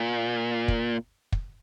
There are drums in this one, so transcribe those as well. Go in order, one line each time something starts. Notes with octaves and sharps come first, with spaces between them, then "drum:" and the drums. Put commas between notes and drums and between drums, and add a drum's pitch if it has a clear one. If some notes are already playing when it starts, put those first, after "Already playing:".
Already playing: A#2
drum: kick
drum: kick